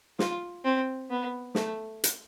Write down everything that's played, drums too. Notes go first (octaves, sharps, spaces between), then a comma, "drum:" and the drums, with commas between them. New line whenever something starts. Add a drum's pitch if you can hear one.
F4, drum: snare
C4
B3
A3, drum: snare
drum: hi-hat